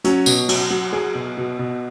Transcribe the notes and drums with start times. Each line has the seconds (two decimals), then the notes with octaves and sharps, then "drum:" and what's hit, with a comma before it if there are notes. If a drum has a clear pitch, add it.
0.04 F#3 C#4, drum: hi-hat
0.26 B2, drum: tambourine
0.49 F#3, drum: cymbal
0.70 F#3
0.93 F#3 G#4
1.15 B2
1.38 B2
1.59 B2